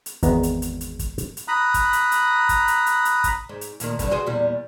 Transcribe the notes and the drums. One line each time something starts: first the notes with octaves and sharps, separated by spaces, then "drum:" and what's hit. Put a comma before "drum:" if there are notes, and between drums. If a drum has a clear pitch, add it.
drum: hi-hat
G#1 E2 G#3 B3 A#5, drum: kick, hi-hat
drum: hi-hat
drum: hi-hat
drum: hi-hat
drum: kick, hi-hat
drum: hi-hat
drum: hi-hat
A#5 B5 D#6 F#6
drum: kick, hi-hat
drum: hi-hat
drum: hi-hat
drum: kick, hi-hat
drum: hi-hat
drum: hi-hat
drum: hi-hat
drum: kick, hi-hat
G#2
drum: hi-hat
D2 A#2 D#3, drum: hi-hat
G2 D3, drum: kick, hi-hat
F#4 G#4 C5
E2 A#2 G3